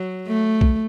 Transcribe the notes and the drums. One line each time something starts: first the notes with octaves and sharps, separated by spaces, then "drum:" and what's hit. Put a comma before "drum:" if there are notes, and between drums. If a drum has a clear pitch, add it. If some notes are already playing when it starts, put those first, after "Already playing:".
Already playing: F#3
A3
drum: kick